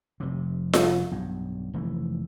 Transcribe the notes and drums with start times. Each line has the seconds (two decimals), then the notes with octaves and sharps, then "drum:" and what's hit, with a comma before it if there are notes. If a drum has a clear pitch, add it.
0.20 F1 C3
0.73 drum: snare F4
1.12 B1 G2
1.74 F1 E3 A3